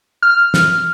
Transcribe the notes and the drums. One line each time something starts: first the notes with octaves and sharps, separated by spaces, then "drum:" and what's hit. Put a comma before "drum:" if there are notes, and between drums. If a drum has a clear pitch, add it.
F6
drum: snare